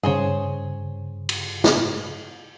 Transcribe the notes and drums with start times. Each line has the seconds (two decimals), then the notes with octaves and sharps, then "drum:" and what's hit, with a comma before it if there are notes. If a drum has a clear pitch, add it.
0.03 G2 C#3 G#4 C5 C#5
1.29 drum: cymbal
1.64 drum: snare